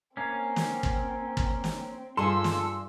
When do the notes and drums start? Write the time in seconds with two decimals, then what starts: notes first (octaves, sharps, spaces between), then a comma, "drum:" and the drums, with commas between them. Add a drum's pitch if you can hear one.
0.17 A#3 C4 C#4
0.56 drum: snare
0.83 drum: kick
1.37 drum: kick
1.64 drum: snare
2.17 G2 F4 G#4 A4 C6 E6
2.44 drum: snare